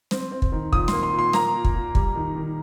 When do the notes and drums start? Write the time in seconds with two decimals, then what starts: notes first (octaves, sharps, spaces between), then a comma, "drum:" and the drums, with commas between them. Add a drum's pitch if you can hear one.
0.11 C4, drum: snare
0.32 C4
0.42 drum: kick
0.52 D#3
0.73 A#2 D#6, drum: kick
0.88 A#3 C6, drum: snare
1.03 C6
1.13 A#2
1.19 C6
1.33 A#3 A#5, drum: snare
1.54 A#2
1.64 drum: kick
1.75 A#2
1.95 G3, drum: kick
2.15 D#3
2.36 D#3